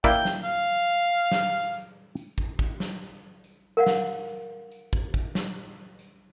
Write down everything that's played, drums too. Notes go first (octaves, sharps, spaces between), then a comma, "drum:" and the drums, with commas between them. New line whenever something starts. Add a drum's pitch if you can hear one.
A#3 E4 D5 G5, drum: kick, tambourine
drum: snare
F5, drum: tambourine
drum: tambourine
drum: snare
drum: tambourine
drum: tambourine
drum: kick
drum: kick, tambourine
drum: snare
drum: tambourine
drum: tambourine
A#4 F5 F#5
drum: snare
drum: tambourine
drum: tambourine
drum: kick
drum: kick, tambourine
drum: snare
drum: tambourine